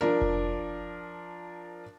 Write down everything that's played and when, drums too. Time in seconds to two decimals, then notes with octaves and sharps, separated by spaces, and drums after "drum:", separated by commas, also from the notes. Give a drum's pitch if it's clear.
0.01 F3 D4 A#4
0.21 drum: kick F1